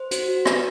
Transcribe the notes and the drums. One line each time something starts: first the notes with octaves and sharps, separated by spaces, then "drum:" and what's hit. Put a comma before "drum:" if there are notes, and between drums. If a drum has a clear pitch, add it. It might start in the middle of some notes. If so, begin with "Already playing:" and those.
Already playing: C5
F#4, drum: hi-hat
F#4
B4, drum: rim click